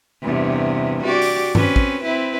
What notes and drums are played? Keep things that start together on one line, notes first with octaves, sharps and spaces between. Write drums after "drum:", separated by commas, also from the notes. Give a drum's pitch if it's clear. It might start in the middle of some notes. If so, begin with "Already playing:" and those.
E2 G2 C3
F#4 G4 D5
drum: open hi-hat
C4 C#4 B4, drum: tom G2
drum: kick
C4 E4 B4